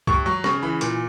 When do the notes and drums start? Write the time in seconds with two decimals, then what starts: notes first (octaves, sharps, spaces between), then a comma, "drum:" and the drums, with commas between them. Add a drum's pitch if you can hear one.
0.07 G2 C#6, drum: kick
0.26 F#3 C#6
0.44 C#3 C#6, drum: rim click
0.62 E3 B5
0.81 A#2, drum: hi-hat